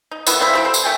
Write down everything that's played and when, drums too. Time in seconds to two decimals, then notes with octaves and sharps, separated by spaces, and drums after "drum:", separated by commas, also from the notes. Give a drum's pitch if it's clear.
0.11 D#4
0.27 D#3 B3 E4 A4, drum: tambourine
0.39 A3 C4 D4 E4
0.53 G3 C4 G5
0.65 A4 C5
0.74 drum: tambourine
0.84 D#3 A3 G5 G#5